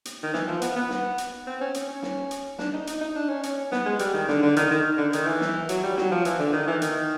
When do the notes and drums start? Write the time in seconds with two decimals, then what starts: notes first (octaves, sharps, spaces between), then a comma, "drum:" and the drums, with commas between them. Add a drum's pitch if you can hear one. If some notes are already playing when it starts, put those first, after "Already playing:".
0.05 drum: hi-hat
0.23 D#3
0.34 E3, drum: snare
0.48 F3
0.62 B3, drum: hi-hat
0.76 B3
0.90 drum: snare
1.18 drum: hi-hat
1.46 C4
1.61 C#4
1.74 drum: hi-hat
1.88 C#4
2.03 drum: snare
2.31 drum: hi-hat
2.58 D4, drum: snare
2.73 D#4
2.87 D#4, drum: hi-hat
3.01 D#4
3.16 D4
3.29 C#4
3.43 C#4, drum: hi-hat
3.72 B3, drum: snare
3.85 G#3
3.99 G3, drum: hi-hat
4.14 D#3
4.28 D3, drum: snare
4.42 D3
4.56 D#3, drum: hi-hat
4.71 D#3
4.98 D3
5.13 D#3, drum: hi-hat
5.26 E3
5.41 drum: snare
5.69 F#3, drum: hi-hat
5.83 G3
5.97 F#3, drum: snare
6.11 F3
6.25 E3, drum: hi-hat
6.39 D3
6.53 D#3
6.67 E3
6.82 D#3, drum: hi-hat